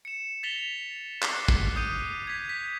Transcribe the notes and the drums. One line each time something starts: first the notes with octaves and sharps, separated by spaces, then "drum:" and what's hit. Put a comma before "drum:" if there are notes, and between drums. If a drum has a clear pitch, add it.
C#7 E7
A6 B6 F7 G7
D6 F#6 B6 C7, drum: clap
drum: kick
D#6 G6 D#7
G#6 B6
B6